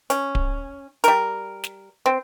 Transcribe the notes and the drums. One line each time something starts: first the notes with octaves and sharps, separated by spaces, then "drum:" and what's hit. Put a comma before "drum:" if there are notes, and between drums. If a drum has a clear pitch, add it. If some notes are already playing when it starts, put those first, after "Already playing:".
C#4, drum: hi-hat
drum: kick D1
G3 A#4, drum: hi-hat
drum: snare
C4